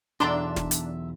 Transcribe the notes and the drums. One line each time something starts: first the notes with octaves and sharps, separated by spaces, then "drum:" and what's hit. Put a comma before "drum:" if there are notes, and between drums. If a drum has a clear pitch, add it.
B1 E2 D4 A4 E5 A#5 C6
drum: snare
drum: hi-hat